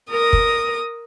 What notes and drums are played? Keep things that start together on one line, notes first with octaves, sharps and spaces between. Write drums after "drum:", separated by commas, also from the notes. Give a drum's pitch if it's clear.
A#4 D#6
drum: kick